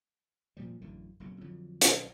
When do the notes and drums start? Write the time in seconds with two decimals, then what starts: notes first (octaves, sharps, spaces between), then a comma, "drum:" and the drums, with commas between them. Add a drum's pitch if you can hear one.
0.57 A#2 F3 G3
0.81 A1 F#2 A2 D3
1.20 F#1 B1 C#3
1.41 F2 D3 F#3
1.81 B1 D#3, drum: hi-hat